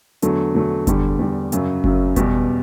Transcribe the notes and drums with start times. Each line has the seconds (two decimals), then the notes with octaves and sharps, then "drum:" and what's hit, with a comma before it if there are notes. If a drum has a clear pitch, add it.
0.22 E2 D3 F#3 A3, drum: hi-hat
0.55 E2 D3 F#3 A3
0.87 E2 D3 G3, drum: kick F#1, hi-hat
1.19 E2 D3 G3
1.52 F#2 C#3 F#3, drum: hi-hat
1.84 F#2 C#3 F#3, drum: kick F#1
2.16 E2 B2 G3, drum: kick F#1, hi-hat